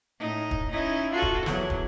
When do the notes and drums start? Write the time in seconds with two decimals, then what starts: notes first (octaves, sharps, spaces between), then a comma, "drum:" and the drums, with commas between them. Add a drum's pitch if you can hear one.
0.20 A2 D#4
0.51 drum: kick
0.71 C#4 D#4 E4
1.12 F4 F#4 A4
1.22 drum: kick
1.46 E2 F#3, drum: snare
1.70 drum: kick